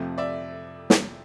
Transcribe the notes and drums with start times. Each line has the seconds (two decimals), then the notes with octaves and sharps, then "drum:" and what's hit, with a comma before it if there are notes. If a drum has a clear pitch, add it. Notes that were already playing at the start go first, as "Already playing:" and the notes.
Already playing: F2 C3 F3 A3
0.18 D5 E5
0.90 drum: snare